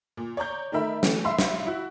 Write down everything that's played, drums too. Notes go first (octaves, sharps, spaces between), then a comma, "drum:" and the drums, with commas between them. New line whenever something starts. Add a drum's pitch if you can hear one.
A#2
C#5 D5 A#5 G6
D#3 A3 D#4 A#4 E5 B5
E3 A3 C#4, drum: snare
E5 F5 B5 C6
drum: snare
E4 F#4